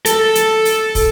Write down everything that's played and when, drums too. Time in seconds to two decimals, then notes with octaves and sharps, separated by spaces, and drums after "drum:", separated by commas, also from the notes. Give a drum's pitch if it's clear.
0.05 A4, drum: hi-hat
0.35 drum: hi-hat
0.65 drum: open hi-hat
0.95 drum: kick, open hi-hat